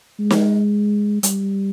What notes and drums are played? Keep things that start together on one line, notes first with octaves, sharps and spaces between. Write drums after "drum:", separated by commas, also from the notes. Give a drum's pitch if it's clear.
G#3
drum: snare
G3, drum: hi-hat